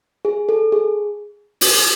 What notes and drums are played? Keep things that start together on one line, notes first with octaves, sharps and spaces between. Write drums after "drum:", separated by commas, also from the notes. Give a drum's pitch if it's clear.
G#4
A4
G#4
drum: open hi-hat